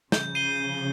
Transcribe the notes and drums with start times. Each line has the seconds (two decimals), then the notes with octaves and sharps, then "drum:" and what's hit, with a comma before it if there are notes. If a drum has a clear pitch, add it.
0.12 C#3 F3 G6, drum: snare
0.35 C7 D#7 G7